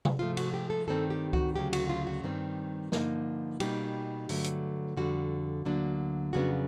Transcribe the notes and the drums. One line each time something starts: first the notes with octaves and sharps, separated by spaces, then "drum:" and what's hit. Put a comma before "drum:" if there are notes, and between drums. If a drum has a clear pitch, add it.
drum: tom C3
G#2 F3 A3 F4
F#4, drum: cymbal
G4
A4
G2 D#3 G3 C4 A4
G4
F#4, drum: kick C#2
D2 C#3 F#3 G4
F#4, drum: cymbal
F4
F#4
G2 D#3 G3 C4
G2 D3 F3 A#3 D#4, drum: snare
B2 G3 A#3 D#4 G4, drum: cymbal
G2 D3 F#3 A3, drum: open hi-hat
drum: hi-hat
F2 D3 G3 F#4
D2 D3 F#3 A#3 D4
F2 C#3 F#3 B3 D4 F#4